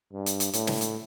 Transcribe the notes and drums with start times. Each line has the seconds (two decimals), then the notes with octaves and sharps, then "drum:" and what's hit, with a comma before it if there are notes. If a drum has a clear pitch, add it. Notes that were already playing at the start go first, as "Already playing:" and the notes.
0.13 G2
0.26 drum: hi-hat
0.40 drum: hi-hat
0.53 A2, drum: hi-hat
0.67 drum: snare
0.81 drum: hi-hat